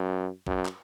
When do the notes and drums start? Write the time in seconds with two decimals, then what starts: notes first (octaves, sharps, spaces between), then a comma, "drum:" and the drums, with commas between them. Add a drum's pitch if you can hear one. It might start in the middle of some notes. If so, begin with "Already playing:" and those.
Already playing: F#2
0.47 F#2, drum: kick A1
0.65 drum: clap